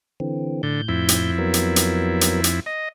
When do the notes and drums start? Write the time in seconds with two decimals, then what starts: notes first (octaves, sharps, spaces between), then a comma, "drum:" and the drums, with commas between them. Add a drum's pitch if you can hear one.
0.20 D3 E3 C4
0.63 A2 D3 G6
0.89 F2 E4
1.09 drum: hi-hat
1.39 F#3 B3 A#4
1.54 drum: hi-hat
1.76 drum: hi-hat
2.21 drum: hi-hat
2.44 drum: hi-hat
2.66 D#5